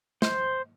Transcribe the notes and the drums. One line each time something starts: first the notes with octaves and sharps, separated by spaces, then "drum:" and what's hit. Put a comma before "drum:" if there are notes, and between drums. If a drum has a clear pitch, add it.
C5, drum: snare